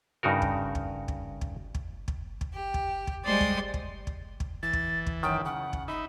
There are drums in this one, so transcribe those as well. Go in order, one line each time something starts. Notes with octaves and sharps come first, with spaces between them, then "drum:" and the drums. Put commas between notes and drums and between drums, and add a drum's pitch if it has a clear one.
G2 C#3 D#4 F#4 A#4
drum: kick
drum: kick
drum: kick
drum: kick
drum: kick
drum: kick
drum: kick
G4
drum: kick
drum: kick
G3 G#3 C5 D5 C6 D#6
drum: kick
drum: kick
drum: kick
drum: kick
E3 A6
drum: kick
drum: kick
F#2 D#3 G5
C#3 F#5
drum: kick
D#4 E5 B5